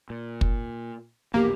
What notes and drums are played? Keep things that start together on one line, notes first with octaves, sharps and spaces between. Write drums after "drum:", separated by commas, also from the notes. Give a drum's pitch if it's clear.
A#2
drum: kick
A#1 E2 B2 A#3 G4